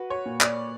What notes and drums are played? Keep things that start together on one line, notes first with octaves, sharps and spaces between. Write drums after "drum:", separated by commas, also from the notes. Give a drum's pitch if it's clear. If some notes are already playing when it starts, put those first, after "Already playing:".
Already playing: F#4 B4
C#5
A#2
D5, drum: clap